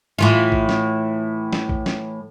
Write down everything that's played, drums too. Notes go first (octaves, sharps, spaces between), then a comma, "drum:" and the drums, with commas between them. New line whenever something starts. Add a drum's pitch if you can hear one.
A2 E3 F4
drum: kick
drum: snare
drum: snare
drum: kick
drum: snare